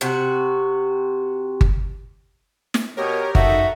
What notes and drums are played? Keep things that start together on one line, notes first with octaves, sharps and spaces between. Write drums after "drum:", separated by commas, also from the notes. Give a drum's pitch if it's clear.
C3 F#4
drum: kick G1
drum: snare
B2 G4 A#4 C#5
F#2 D#4 F#4 A4 E5, drum: kick G1